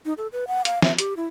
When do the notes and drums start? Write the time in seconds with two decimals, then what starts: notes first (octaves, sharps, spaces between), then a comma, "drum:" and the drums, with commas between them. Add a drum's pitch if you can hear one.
0.05 D#4
0.18 A4
0.33 B4
0.48 F#5
0.65 F5, drum: hi-hat
0.82 E5, drum: snare
0.98 G4, drum: hi-hat
1.17 E4